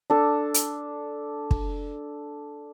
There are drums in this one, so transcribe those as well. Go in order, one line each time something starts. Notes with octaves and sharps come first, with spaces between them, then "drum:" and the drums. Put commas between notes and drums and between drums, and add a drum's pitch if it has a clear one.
D4 A4
drum: hi-hat
drum: kick